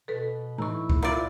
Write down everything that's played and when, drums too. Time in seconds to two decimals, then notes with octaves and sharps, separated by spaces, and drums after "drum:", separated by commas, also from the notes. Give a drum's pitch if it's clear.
0.08 B2 A4 B4
0.58 A2 E3 D#4 E4 A#5 C#6
0.90 drum: kick C#2
1.03 A#2 F4 D5 E5 A#5